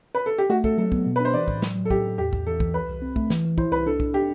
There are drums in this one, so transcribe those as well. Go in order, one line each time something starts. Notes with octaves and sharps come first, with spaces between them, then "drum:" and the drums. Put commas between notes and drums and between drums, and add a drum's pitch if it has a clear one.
B4
A4
G4
A3 F#4
A3 A4, drum: kick
F#3 A4
B3, drum: kick
B2
B4
D4 C5
E3 D5
A2, drum: kick
F#3, drum: snare
F#3
A4
A2 G4, drum: kick
A2
E2 G4
E2, drum: kick
E3 A4
E3, drum: kick
C2 B4
C2
C4
A3, drum: kick
E3, drum: snare
E3
E4 C5, drum: kick
C2 B4
D4 A4
D4, drum: kick
D4 G4